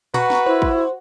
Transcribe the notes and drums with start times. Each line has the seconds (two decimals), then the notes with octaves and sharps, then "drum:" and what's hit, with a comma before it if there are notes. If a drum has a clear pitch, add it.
0.14 F#4 B4 A#5 C#6, drum: tom A#2
0.30 drum: snare
0.46 E4 C5
0.62 drum: kick